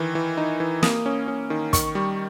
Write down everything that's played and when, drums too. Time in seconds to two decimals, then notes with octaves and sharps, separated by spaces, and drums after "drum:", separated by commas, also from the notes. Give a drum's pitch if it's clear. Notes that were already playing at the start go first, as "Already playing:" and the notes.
Already playing: D#3 E3
0.15 E3
0.37 D#4
0.60 E3
0.83 A#3 D#6, drum: snare
1.06 C#4
1.28 C#4
1.50 D#3
1.73 D#3 C#6, drum: kick, hi-hat
1.95 G3